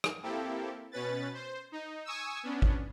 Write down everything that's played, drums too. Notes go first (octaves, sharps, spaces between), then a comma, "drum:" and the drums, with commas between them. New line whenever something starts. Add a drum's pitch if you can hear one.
drum: rim click
A#3 C4 E4 G4 A4
B2 C#4 B4 A6
C5
D#4
G#5 C#6 D#6 E6
B3 C#4 D4
drum: kick G#1